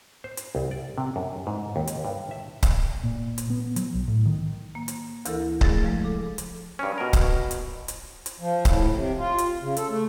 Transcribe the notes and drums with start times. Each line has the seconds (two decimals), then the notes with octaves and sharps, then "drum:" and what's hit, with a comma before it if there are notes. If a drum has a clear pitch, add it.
0.24 C5
0.37 drum: hi-hat
0.55 C2
0.71 D5
0.98 C3
1.16 F#2
1.47 G#2
1.76 D#2
1.87 drum: hi-hat
2.05 G2
2.31 E5
2.63 drum: kick C#1, hi-hat
3.04 A#2
3.38 drum: hi-hat
3.50 B3
3.76 F#3, drum: hi-hat
3.94 B1
4.08 A2
4.26 D#3
4.75 A#3
4.88 drum: hi-hat
5.25 D2 E3 E4 A4 A#4, drum: hi-hat
5.61 F3 A3 G#4 A6 A#6, drum: kick C#1
5.82 C#3 F3 G#3
6.04 A4 D6
6.38 drum: hi-hat
6.79 G2 C#4
6.98 B2 A#4
7.13 drum: kick C#1, hi-hat
7.51 drum: hi-hat
7.88 drum: hi-hat
8.26 drum: hi-hat
8.37 F3
8.65 A2, drum: kick C#1, hi-hat
8.93 C3
9.18 F4
9.38 drum: hi-hat
9.61 C#3
9.77 A4, drum: hi-hat
9.89 A3